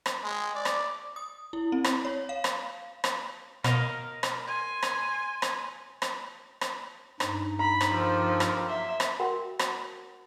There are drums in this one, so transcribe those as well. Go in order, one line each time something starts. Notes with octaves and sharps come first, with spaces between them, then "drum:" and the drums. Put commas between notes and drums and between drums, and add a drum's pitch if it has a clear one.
drum: rim click
G#3
D5
drum: rim click
D#6
E4
C4
drum: rim click
C#5
F5
drum: rim click
drum: rim click
B2 A#4 D#5 F5, drum: rim click
drum: rim click
G#5 C6
drum: rim click
drum: rim click
drum: rim click
drum: rim click
G2 D#4, drum: rim click
A#5 B5
drum: rim click
F3 G4 A4 A#4
drum: rim click
F#3 A#3 E5 C6
drum: rim click
F#4 A#4 F#5 G5 C6
drum: rim click